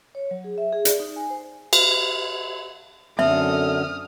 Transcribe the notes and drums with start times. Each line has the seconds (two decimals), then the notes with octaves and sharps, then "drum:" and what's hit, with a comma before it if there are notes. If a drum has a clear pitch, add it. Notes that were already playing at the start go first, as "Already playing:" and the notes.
0.15 C#5
0.31 F#3
0.44 G#4
0.58 E5
0.72 G#4
0.85 D5, drum: hi-hat
1.00 D#4
1.16 G#5
1.30 C5
1.73 drum: cymbal
3.19 F#2 D3 C4 A4 E5 D#6 F6